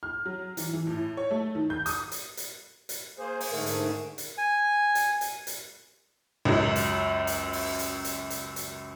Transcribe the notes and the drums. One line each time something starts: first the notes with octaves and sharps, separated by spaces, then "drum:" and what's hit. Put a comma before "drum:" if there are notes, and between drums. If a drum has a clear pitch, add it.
F6
F#3
E3, drum: hi-hat
E3
A2
C#5
A3
D#3
G6
D#6, drum: hi-hat
drum: hi-hat
drum: hi-hat
drum: hi-hat
A#3 G#4 C5
drum: open hi-hat
G#2 D3 A3 A#4
drum: hi-hat
drum: hi-hat
G#5
drum: hi-hat
drum: hi-hat
drum: hi-hat
C#2 F#2
drum: hi-hat
drum: hi-hat
drum: open hi-hat
drum: hi-hat
drum: hi-hat
drum: hi-hat
drum: hi-hat